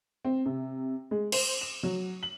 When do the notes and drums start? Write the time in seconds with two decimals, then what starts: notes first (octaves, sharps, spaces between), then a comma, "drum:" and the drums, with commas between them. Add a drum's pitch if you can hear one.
0.25 C4
0.46 C3
1.11 G#3
1.32 C5, drum: cymbal
1.61 E7
1.83 F#3
2.23 F#7